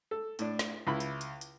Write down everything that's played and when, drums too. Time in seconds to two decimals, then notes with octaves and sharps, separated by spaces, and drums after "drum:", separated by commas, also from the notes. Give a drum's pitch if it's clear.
0.11 A4
0.39 A2 D4, drum: hi-hat
0.59 drum: snare
0.87 C#2 E4 B5
1.00 drum: hi-hat
1.21 drum: hi-hat
1.41 drum: hi-hat